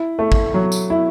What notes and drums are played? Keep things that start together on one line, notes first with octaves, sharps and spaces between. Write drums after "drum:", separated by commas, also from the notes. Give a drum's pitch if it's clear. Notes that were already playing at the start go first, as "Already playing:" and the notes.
Already playing: E4
A3
drum: kick
F#3
drum: tambourine
E4